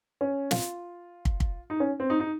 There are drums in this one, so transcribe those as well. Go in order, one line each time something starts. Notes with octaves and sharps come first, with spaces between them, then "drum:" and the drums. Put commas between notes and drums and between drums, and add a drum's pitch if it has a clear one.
C#4
F4, drum: snare
drum: kick
drum: kick
D#4
C#4
C4
D#4
D#4